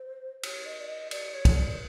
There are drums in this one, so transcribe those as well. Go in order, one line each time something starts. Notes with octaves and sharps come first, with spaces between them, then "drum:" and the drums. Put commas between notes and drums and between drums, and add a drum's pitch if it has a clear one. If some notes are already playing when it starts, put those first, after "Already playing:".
Already playing: C5
C#5, drum: cymbal
D#5
D5
D#5
D5, drum: cymbal
C#5
drum: kick, cymbal
D5